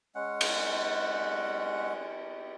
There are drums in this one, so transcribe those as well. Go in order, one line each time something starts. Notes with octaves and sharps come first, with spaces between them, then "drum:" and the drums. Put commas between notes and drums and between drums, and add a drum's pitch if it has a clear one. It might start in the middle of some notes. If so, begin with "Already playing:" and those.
G#3 C#4 F#5
drum: cymbal